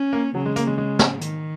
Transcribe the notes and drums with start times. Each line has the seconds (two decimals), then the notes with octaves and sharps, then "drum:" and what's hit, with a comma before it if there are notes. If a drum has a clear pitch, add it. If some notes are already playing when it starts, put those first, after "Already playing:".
Already playing: C#4
0.13 A#3
0.35 C#3 F#3
0.46 G#3
0.56 A#3, drum: hi-hat
0.67 G#3
0.78 G#3
0.99 drum: snare
1.21 D#3, drum: hi-hat